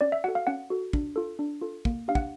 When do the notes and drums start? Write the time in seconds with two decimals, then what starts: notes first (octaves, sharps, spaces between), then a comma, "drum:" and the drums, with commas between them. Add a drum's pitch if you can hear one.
0.01 C#4 D5
0.12 E5
0.24 F#4 A4 F#5
0.35 F5
0.47 C#4 F#5
0.70 F#4 A4
0.93 D4, drum: kick
1.16 F4 A4
1.39 D4
1.61 F4 A4
1.85 A#3, drum: kick
2.08 D4 G4 F5
2.15 F#5, drum: kick